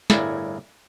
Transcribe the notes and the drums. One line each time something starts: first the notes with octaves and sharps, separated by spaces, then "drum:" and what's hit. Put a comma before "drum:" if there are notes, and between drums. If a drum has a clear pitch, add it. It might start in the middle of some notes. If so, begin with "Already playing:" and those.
G1 A2 E4 G#4 A#4 D5, drum: snare